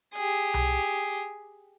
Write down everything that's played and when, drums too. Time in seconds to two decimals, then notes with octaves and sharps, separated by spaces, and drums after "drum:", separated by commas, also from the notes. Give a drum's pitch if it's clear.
0.15 G4 G#4, drum: hi-hat
0.54 drum: tom C2